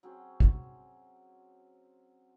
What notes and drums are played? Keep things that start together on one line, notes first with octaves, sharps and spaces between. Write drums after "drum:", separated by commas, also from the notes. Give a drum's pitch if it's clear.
F#3 C4 C#4 G#4
drum: kick